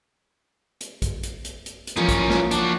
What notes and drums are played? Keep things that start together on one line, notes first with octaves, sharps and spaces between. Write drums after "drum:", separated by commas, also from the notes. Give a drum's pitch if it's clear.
drum: hi-hat
drum: kick A#1, hi-hat
drum: hi-hat
drum: hi-hat
drum: hi-hat
drum: hi-hat
E3 F3 A#3 C#4 D#4
drum: kick A#1, hi-hat
drum: snare
D4 F#4, drum: hi-hat